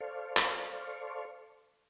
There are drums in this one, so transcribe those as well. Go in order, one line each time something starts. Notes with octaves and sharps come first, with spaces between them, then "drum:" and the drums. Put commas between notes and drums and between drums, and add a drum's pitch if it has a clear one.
A4 C5 D5 F5 C#6
drum: clap